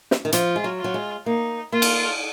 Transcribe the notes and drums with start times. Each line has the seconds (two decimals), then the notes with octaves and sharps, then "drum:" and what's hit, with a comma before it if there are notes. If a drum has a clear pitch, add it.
0.11 drum: snare
0.25 D#3
0.32 F3 F4, drum: hi-hat
0.56 G#3
0.64 F#3
0.79 F4
0.84 F#3
0.94 G#3
1.26 A#3 D#4
1.72 A#3 F4
1.82 drum: cymbal